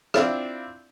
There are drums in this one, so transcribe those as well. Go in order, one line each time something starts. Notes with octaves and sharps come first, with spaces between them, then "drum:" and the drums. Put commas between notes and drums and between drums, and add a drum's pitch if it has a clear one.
C4 D4 E4 F4, drum: rim click